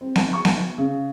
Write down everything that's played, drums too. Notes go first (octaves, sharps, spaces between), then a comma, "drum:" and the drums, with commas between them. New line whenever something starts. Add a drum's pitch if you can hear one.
C4
drum: snare B3
C#6
drum: snare B3
C#3